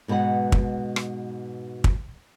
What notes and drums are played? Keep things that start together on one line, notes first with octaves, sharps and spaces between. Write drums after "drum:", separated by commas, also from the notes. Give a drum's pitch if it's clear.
G#2 B2 G#3 B4 F#5
drum: kick
drum: rim click
drum: kick